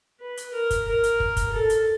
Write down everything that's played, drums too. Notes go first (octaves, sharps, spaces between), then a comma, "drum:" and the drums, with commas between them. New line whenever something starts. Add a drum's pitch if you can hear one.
B4
drum: hi-hat
A#4
drum: kick, hi-hat
A#4
drum: hi-hat
drum: kick
drum: kick, hi-hat
A4
drum: hi-hat